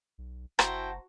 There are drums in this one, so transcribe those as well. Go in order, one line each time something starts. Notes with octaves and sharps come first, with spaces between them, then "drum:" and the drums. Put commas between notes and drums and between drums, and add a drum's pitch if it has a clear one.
B1
F#1 E4 F#4 C5 G5 A5 A#5, drum: rim click